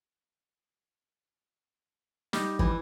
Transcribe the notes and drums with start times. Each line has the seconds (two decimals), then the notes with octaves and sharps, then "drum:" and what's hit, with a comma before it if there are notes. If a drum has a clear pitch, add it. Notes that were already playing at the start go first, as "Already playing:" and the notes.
2.33 G3 D#4, drum: snare
2.59 E3, drum: kick